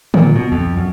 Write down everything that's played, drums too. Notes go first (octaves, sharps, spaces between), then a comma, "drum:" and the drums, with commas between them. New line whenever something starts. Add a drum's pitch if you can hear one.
A#2, drum: tom
B2
F2
F#2